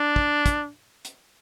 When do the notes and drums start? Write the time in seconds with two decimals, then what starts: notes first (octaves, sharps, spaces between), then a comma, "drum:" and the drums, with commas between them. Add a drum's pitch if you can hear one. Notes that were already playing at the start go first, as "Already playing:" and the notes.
Already playing: D4
0.16 drum: kick
0.46 drum: kick, hi-hat
1.05 drum: hi-hat